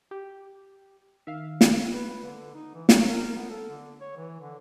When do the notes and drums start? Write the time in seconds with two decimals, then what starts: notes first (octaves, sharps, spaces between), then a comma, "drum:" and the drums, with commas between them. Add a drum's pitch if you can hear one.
0.11 G4
1.27 D#3 E5 F5
1.61 drum: snare
1.93 B4
2.24 D3
2.54 D#4
2.74 E3
2.89 F#3, drum: snare
3.09 A#4
3.36 B3
3.50 A4
3.70 D3
4.01 C#5
4.16 E3
4.40 D3